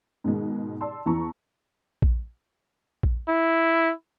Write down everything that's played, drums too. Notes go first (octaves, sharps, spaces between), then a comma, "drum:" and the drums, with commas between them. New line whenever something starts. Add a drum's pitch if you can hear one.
G#2 B2 D#3 G#3
D5 A5 C6 E6
E2 E3 A5 A#5 C#6
drum: kick A#1
drum: kick A#1
E4